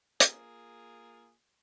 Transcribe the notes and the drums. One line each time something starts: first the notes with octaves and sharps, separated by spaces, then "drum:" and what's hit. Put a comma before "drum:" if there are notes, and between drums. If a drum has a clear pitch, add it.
A#3 F4 G#4, drum: hi-hat